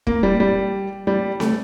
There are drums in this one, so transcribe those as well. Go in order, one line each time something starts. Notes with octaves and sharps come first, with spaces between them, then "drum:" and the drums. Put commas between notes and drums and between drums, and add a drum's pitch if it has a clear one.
A#3, drum: kick
G3
G3
G3
A3, drum: snare C4